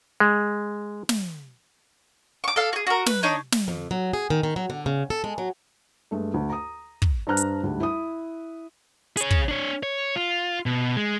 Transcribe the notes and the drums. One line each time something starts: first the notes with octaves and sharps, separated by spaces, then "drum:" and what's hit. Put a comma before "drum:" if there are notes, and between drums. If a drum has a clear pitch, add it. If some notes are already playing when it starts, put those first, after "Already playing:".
G#3
drum: snare
C#6 D6
A4 F5
F#4 G#4
F#4 A#4
B4, drum: snare
D4 D#4 C#5
drum: snare
F2
F#3
G#4
D#3
D#3
F#3
D3
C#3
A4
G#3
F#3
G2 G#3 A3
D2
A#5 D#6
drum: kick
G2 D4 C5 A#5 F6 F#6
drum: hi-hat
D2 G#2 G3
E4 D#6
G#4 C#5, drum: hi-hat
drum: kick
D4 C#5
C#5
F4
B2
G#3